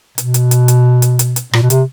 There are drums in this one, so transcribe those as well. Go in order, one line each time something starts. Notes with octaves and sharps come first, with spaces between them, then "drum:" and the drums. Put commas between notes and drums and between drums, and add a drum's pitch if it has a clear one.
B2, drum: hi-hat
drum: hi-hat
drum: hi-hat
drum: hi-hat
drum: hi-hat
drum: hi-hat
drum: hi-hat
A#2, drum: rim click
B2
C3, drum: hi-hat